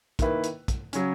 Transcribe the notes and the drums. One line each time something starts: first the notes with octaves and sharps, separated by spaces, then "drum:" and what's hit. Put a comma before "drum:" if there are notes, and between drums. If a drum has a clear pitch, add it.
D#3 A#3 E4 B4, drum: kick, hi-hat
drum: hi-hat
drum: kick, hi-hat
C#3 F#3 C#4, drum: hi-hat